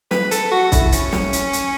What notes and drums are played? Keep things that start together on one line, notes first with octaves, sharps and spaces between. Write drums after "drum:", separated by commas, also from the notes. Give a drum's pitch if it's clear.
B4, drum: snare
A4, drum: hi-hat
F#4
E4, drum: kick, hi-hat
C#4, drum: hi-hat
drum: snare
drum: hi-hat
drum: hi-hat